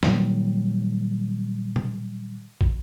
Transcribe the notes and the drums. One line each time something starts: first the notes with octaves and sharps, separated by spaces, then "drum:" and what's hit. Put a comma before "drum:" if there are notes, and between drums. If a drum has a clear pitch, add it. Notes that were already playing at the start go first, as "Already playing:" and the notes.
A#2 D#3 F#3 G3, drum: snare
drum: tom B2
drum: kick